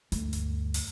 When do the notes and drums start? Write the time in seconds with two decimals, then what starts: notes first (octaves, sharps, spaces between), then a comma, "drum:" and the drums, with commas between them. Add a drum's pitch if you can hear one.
0.12 D2 G2, drum: hi-hat
0.33 drum: hi-hat
0.74 drum: open hi-hat